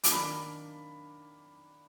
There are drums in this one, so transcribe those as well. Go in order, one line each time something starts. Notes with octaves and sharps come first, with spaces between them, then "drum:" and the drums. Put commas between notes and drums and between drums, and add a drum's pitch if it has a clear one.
D6, drum: hi-hat
D#3 A#3 D4 B5